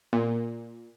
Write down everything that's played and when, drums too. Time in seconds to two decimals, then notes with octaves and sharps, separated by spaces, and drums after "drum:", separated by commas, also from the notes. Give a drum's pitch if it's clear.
0.13 A#2, drum: tom A#3